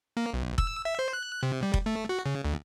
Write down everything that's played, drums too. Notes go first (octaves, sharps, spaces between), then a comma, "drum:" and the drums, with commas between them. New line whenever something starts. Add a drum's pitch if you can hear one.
A#3
B1
E6, drum: kick F1
E5
C5
F#6
C3
G3
drum: kick F1
A3
F#4
C#3
D2